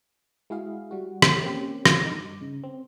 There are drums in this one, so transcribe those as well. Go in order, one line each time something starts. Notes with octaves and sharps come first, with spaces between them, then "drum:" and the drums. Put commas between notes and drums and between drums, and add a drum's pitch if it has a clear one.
G#3 E4 F#4 G#4 F5
G3 F#4
drum: rim click
A#3 C4 C#4 G4
drum: rim click
G2 D#4 D6
C#3
C4